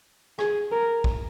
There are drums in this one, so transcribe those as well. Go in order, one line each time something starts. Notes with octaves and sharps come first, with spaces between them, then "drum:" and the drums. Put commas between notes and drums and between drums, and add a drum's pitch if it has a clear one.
G#4, drum: rim click
A#4
drum: kick